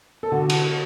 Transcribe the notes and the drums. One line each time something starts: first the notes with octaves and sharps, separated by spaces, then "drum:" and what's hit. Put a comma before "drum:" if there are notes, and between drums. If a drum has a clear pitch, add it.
A4
D3 F#4
drum: cymbal